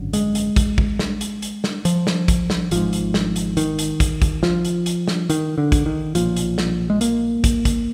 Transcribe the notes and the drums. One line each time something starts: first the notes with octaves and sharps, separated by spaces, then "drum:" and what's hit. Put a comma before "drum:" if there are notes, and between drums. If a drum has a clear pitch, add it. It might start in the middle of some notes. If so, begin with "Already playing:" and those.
Already playing: G#1 F#2 D3
G#3, drum: hi-hat
drum: hi-hat
drum: kick, hi-hat
drum: kick
drum: snare
drum: hi-hat
drum: hi-hat
drum: snare
F3, drum: hi-hat
drum: snare
drum: kick, hi-hat
drum: snare
G#1 G#2 F3, drum: hi-hat
drum: hi-hat
drum: snare
drum: hi-hat
D#3, drum: hi-hat
drum: hi-hat
drum: kick, hi-hat
drum: kick, hi-hat
F3, drum: snare
drum: hi-hat
drum: hi-hat
drum: snare
D#3, drum: hi-hat
D3
drum: kick, hi-hat
D#3
B1 A#2 F3, drum: hi-hat
drum: hi-hat
drum: snare
G#3
A#3, drum: hi-hat
drum: kick, hi-hat
drum: kick, hi-hat